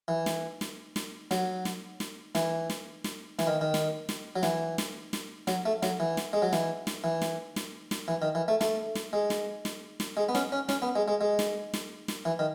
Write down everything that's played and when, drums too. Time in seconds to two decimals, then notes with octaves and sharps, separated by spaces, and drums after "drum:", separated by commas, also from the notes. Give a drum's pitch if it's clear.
0.08 E3
0.26 drum: snare
0.61 drum: snare
0.96 drum: snare
1.31 F#3, drum: snare
1.65 drum: snare
2.00 drum: snare
2.35 E3, drum: snare
2.70 drum: snare
3.04 drum: snare
3.39 E3, drum: snare
3.47 D#3
3.61 D#3
3.74 drum: snare
4.09 drum: snare
4.36 F#3
4.43 E3, drum: snare
4.78 drum: snare
5.13 drum: snare
5.47 F#3, drum: snare
5.66 A3
5.83 F#3, drum: snare
6.00 E3
6.17 drum: snare
6.33 G#3
6.42 F#3
6.53 E3, drum: snare
6.87 drum: snare
7.04 E3
7.22 drum: snare
7.56 drum: snare
7.91 drum: snare
8.08 E3
8.22 D#3
8.35 E3
8.48 A3
8.61 A3, drum: snare
8.95 drum: snare
9.13 G#3
9.30 drum: snare
9.65 drum: snare
10.00 drum: snare
10.17 G#3
10.29 B3
10.35 C#4, drum: snare
10.52 C#4
10.69 C#4, drum: snare
10.82 B3
10.96 G#3
11.08 G#3
11.21 G#3
11.39 drum: snare
11.74 drum: snare
12.08 drum: snare
12.25 E3
12.39 D#3